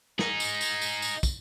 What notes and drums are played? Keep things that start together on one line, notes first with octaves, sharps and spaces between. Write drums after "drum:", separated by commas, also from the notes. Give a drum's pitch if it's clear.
D#4 G#4, drum: snare
drum: tambourine
drum: tambourine
drum: tambourine
drum: tambourine
drum: kick, tambourine